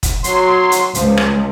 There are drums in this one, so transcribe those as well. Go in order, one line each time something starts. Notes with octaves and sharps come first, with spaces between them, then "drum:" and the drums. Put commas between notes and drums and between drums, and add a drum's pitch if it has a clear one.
drum: kick, hi-hat
F#3 C6, drum: hi-hat
drum: hi-hat
C#2 F3, drum: hi-hat
drum: rim click